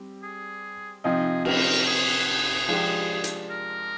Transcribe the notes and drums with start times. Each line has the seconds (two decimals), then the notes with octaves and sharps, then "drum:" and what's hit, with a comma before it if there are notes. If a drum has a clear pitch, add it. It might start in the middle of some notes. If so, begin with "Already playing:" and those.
Already playing: G3 C4 G4
0.23 G#4
1.04 C3 F3 C4 D#4 G#4
1.45 A#4, drum: cymbal
1.86 G#4
2.28 G#4
2.68 F3 G#3 D4 G4
3.24 drum: hi-hat
3.50 A#4